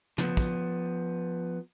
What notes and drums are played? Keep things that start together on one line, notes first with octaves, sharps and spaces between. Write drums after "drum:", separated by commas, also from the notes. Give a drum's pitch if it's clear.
F3 B3, drum: tom
drum: kick